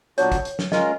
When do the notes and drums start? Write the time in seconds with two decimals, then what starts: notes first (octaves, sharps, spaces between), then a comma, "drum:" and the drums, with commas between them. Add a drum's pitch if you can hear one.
0.18 A#2 F#3 B3 D4 F#4 C#5, drum: hi-hat
0.32 drum: kick, hi-hat
0.45 drum: hi-hat
0.59 drum: snare
0.72 G#3 C#4 F4 A#4 D#5, drum: snare